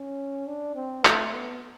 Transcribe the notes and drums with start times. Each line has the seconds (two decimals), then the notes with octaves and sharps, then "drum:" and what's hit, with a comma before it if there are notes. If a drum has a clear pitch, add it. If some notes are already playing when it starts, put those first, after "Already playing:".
Already playing: C#4
0.47 D4
0.75 C4
1.05 A3, drum: clap
1.34 B3